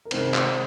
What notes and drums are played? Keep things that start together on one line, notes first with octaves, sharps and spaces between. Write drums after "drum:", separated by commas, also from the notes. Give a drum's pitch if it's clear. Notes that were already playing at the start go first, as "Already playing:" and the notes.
A#4
C3 D#3 G#3 D#4 C5, drum: cymbal
C5, drum: clap